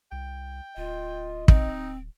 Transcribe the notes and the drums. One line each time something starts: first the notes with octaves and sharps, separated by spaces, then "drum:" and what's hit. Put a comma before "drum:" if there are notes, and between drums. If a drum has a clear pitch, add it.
C2 G5
D1 F4 D#5
C4 D#4, drum: kick